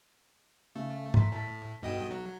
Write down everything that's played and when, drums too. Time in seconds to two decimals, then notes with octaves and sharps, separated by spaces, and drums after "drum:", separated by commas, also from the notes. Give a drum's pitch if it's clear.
0.75 C#3 A3
1.14 A#5 C6 B6, drum: tom G#2
1.32 A2 A5 B6
1.83 B1 G2 F#4 D#5 G5 E7
2.11 F#3